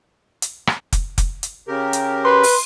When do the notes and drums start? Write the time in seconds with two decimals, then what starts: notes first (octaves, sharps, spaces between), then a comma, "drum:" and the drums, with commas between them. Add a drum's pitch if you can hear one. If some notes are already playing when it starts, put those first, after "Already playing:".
0.42 drum: hi-hat
0.67 drum: rim click
0.92 drum: kick F1, hi-hat
1.18 drum: kick F1, hi-hat
1.43 drum: hi-hat
1.68 C#3 G4 A#4
1.93 drum: hi-hat
2.25 B4 C6
2.43 drum: open hi-hat